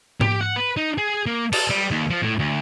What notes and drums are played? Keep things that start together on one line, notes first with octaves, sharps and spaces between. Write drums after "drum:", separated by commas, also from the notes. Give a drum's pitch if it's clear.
G4, drum: tom G#2
F#5
B4
D#4
G#4
A#3
A5, drum: cymbal
G3
D#2
F3
A2
D2